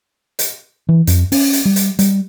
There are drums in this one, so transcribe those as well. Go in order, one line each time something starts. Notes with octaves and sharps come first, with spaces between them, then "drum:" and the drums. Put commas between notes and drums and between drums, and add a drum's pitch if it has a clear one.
drum: hi-hat
E3
F2, drum: hi-hat
C#4, drum: open hi-hat
drum: hi-hat
G3
drum: hi-hat
G3, drum: hi-hat